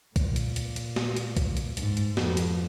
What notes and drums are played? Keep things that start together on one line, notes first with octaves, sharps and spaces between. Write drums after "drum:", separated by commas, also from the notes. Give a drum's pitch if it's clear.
A#2, drum: kick B1, hi-hat
drum: hi-hat
drum: hi-hat
drum: hi-hat
drum: snare
drum: hi-hat
drum: kick B1, hi-hat
drum: hi-hat
G#2, drum: hi-hat
drum: hi-hat
F2, drum: snare
drum: hi-hat